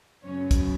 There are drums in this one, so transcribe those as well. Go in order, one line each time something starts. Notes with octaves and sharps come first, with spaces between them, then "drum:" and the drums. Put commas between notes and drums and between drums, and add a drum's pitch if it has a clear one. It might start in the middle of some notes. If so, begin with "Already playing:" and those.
F#2 C#3 F#3 B3 C#4 C#5
drum: kick, hi-hat